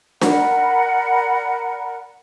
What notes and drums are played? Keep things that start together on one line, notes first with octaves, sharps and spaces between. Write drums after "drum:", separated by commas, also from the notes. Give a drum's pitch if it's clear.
A#4 D5 F#5 B5, drum: snare D4